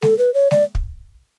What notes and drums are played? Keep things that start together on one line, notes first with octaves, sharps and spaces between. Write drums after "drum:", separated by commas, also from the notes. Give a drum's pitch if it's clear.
A4, drum: snare G#3
B4
C#5
D5, drum: snare G#3
drum: kick